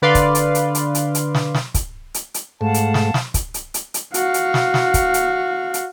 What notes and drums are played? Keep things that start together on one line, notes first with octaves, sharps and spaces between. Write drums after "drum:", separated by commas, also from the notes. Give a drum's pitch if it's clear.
D3 B4 D5 F5 C6
drum: kick, hi-hat
drum: hi-hat
drum: hi-hat
drum: hi-hat
drum: hi-hat
drum: hi-hat
drum: snare
drum: snare
drum: kick, hi-hat
drum: hi-hat
drum: hi-hat
G#2 A3 F5 F#5 A5
drum: hi-hat
drum: snare
drum: snare
drum: kick, hi-hat
drum: hi-hat
drum: hi-hat
drum: hi-hat
F#4 F5, drum: hi-hat
drum: hi-hat
drum: snare
drum: snare
drum: kick, hi-hat
drum: hi-hat
drum: hi-hat